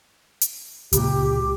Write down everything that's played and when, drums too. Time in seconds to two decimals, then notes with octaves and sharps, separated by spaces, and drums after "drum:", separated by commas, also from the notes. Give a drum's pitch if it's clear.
0.41 drum: hi-hat
0.93 C#2 A#2 G4, drum: hi-hat